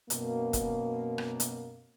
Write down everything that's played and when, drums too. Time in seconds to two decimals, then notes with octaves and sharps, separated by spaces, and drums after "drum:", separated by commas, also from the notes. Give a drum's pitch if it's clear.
0.10 F#2 B2 A#3, drum: hi-hat
0.53 drum: kick, hi-hat
1.18 drum: rim click
1.40 drum: hi-hat